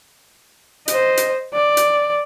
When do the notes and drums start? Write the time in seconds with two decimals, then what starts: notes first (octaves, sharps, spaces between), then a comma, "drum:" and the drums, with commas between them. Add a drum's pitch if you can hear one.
0.88 C5 D#5, drum: hi-hat
1.17 drum: hi-hat
1.53 D5
1.77 drum: hi-hat